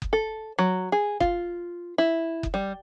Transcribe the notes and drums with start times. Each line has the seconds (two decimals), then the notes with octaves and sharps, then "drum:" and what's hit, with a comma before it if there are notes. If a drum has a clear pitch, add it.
0.02 drum: kick F#1
0.13 A4
0.59 F#3
0.92 G#4
1.20 F4, drum: kick F#1
1.98 E4
2.43 drum: kick F#1
2.54 G3